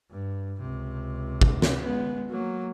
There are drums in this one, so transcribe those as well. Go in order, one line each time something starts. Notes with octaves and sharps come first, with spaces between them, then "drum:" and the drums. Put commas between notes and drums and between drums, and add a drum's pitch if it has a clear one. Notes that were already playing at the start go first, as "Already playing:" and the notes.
G2
C#2 C3
drum: kick
drum: snare
G#3 B3
F#3 A#3